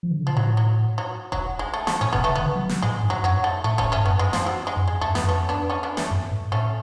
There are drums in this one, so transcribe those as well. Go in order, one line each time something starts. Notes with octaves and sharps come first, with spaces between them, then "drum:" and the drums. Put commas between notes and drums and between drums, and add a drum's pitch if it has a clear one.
F3
D3
C#3
B2 F3
A2 F#3
F#3
F#3
F#3, drum: kick E1
G#3
A3
A3, drum: snare
A2 C#4
B2 B3, drum: kick E1
C#3 A3
B3
D3
F#3
F#3, drum: snare
A2 G#3
G#2
F#3
F#2 F#3
A3
A2 A3
A3 C#4, drum: kick E1
G#2 A3 C#4
F#2 B3
G#3
F3, drum: snare
F#3
G#3
F#2
F2 G#3
F2 A3
F#2
B3, drum: snare
F#2
F2 A3 C#4
B3 D4
A3 C#4
B3 D4
A3 C#4, drum: snare
F#2
G#2
A2 A3 C#4